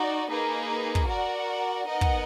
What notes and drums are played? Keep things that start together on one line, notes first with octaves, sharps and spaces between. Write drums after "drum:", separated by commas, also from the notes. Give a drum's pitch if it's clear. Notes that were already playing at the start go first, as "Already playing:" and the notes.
Already playing: D#4 F#4 D5
A#3 D#4 G#4 B4
drum: kick
F#4 A#4 D5 F#5
B3 D#4 A#4 D#5 F#5
drum: kick